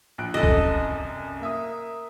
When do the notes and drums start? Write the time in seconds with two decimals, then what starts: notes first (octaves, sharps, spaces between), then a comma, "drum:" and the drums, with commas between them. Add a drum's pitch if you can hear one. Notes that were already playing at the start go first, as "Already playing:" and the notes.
0.18 A#1 F#6 D7
0.34 C2 F#2 A4 D#5
0.43 drum: kick
1.41 A#3 E5 D#6